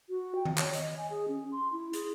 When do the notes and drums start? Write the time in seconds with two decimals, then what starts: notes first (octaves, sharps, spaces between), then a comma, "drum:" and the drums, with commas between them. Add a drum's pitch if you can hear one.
0.09 F#4
0.35 G5
0.45 drum: tom D#3
0.58 C#5, drum: clap
0.73 D#5, drum: hi-hat
0.98 G#5
1.10 G#4
1.28 C#4
1.52 C6
1.73 E4
1.93 G#4, drum: hi-hat